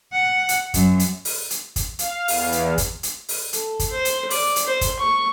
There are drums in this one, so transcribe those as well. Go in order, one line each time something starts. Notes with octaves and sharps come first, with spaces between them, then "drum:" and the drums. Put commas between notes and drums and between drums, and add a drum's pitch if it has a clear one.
F#5
drum: hi-hat
F#2, drum: kick, hi-hat
drum: hi-hat
drum: open hi-hat
drum: hi-hat
drum: kick, hi-hat
F5, drum: hi-hat
E2, drum: open hi-hat
drum: hi-hat
drum: kick, hi-hat
drum: hi-hat
drum: open hi-hat
A4, drum: hi-hat
drum: kick, hi-hat
C5
drum: hi-hat
D5, drum: open hi-hat
drum: hi-hat
C5
drum: kick, hi-hat
C#6